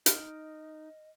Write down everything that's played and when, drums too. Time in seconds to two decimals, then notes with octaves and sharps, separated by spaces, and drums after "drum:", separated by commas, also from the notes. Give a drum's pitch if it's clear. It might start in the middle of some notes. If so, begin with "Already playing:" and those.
0.06 D#4 D#5 F6 D7, drum: hi-hat